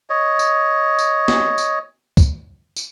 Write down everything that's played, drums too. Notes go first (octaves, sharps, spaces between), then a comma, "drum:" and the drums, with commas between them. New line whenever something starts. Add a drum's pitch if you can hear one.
C#5 D#5
drum: tambourine
drum: tambourine
drum: snare
drum: tambourine
drum: kick C#2, tambourine
drum: tambourine